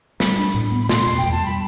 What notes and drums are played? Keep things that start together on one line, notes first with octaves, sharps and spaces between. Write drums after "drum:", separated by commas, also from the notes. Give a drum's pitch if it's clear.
G3 B5, drum: snare
D4
A2
B3
B5
B2 C6, drum: snare
E2
G5
E2
A5
G3 B5